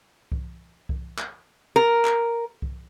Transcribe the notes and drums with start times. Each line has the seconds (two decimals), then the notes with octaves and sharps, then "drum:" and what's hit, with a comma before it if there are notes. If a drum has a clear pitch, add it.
0.32 drum: kick C2
0.89 drum: kick C2
1.18 drum: clap
1.76 A#4
2.05 drum: clap
2.62 drum: kick C2